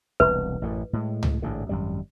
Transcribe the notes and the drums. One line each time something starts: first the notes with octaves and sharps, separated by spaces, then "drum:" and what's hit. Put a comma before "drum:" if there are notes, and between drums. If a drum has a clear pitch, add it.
E1 C2 B4
A1 F#2 A2
A2 G#3
drum: tom C#2
A1 G#2 D3
G#1 F#2 G3